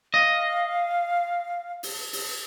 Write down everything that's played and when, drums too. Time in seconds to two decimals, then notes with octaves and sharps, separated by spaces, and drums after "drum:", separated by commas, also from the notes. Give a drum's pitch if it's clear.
0.14 D#5 F5
1.83 drum: open hi-hat
2.13 drum: open hi-hat